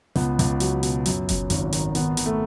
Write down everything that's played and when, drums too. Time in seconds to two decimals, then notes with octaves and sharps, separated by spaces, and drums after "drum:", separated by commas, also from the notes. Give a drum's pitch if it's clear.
0.16 C#2 B3, drum: snare
0.39 C#2, drum: hi-hat
0.60 F#3, drum: hi-hat
0.83 B2, drum: hi-hat
1.06 F#2, drum: hi-hat
1.29 F#2, drum: kick F#1, hi-hat
1.50 G#1, drum: hi-hat
1.73 D#3, drum: hi-hat
1.95 D#3 B3, drum: hi-hat
2.17 D#3, drum: hi-hat
2.26 A3